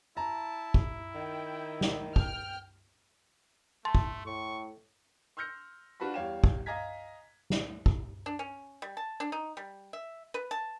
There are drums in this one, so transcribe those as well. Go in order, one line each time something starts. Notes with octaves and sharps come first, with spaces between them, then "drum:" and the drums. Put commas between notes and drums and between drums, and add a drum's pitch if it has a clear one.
E4 A5 A#5
drum: kick
D#3 G5
drum: snare
G5 F6, drum: kick
A3 A5 C6
drum: kick
A2 C#6
C6 E6 F6 G6 A#6 C#7
D4 F4 F#4 B4 A5 B5
E2 G3 C#5 F5 G5 E7
drum: kick
D#5 F5 G#5 A#5 G#6 B6
drum: snare
drum: kick
D4
C#4
G3
A5
D4
D#4
G3
E5
B4
A5